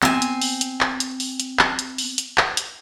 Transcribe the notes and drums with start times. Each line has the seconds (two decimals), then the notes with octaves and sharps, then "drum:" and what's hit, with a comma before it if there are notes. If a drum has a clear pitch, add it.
0.02 C4 G#5, drum: clap
0.22 drum: hi-hat
0.42 drum: open hi-hat
0.61 drum: hi-hat
0.81 drum: clap
1.00 drum: hi-hat
1.20 drum: open hi-hat
1.40 drum: hi-hat
1.59 drum: clap
1.79 drum: hi-hat
1.98 drum: open hi-hat
2.18 drum: hi-hat
2.38 drum: clap
2.57 drum: hi-hat